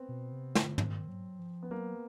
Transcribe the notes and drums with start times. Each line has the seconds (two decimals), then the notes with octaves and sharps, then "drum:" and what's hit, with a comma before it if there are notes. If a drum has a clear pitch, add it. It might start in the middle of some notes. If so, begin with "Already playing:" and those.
Already playing: B3 C4
0.09 B2
0.32 C3
0.55 D3, drum: snare
0.78 D#3, drum: tom
1.08 F#3
1.39 F3
1.63 B3
1.70 F#3 A#3